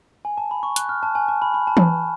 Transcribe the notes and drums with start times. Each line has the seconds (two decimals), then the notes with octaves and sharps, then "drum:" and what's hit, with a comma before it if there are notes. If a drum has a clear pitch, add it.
0.25 G#5
0.38 A5
0.51 B5
0.63 C#6
0.76 F#6, drum: hi-hat
0.89 F6
1.03 A5
1.15 G#5
1.28 A5
1.42 B5
1.54 B5
1.67 A5
1.77 drum: tom E3